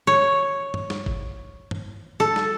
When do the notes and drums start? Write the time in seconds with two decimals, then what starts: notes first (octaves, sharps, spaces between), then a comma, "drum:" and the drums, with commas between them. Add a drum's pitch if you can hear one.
0.07 C#5
0.74 drum: tom G2
0.90 drum: snare
1.06 drum: kick G1
1.71 drum: tom G2
2.20 A4
2.36 drum: snare